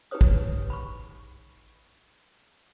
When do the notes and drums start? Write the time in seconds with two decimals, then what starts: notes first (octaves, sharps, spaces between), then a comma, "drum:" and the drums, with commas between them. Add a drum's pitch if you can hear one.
0.11 D#4 G4 G#4 B4 C#5 D#6
0.21 drum: kick
0.70 B5 C#6